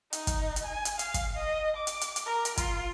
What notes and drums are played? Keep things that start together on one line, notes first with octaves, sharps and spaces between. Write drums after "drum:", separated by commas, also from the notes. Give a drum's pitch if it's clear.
D#4, drum: hi-hat
drum: kick, hi-hat
drum: hi-hat
G#5
drum: hi-hat
F5, drum: hi-hat
drum: kick, hi-hat
D#5
D6
drum: hi-hat
drum: hi-hat
drum: hi-hat
A#4
drum: hi-hat
F4, drum: kick, hi-hat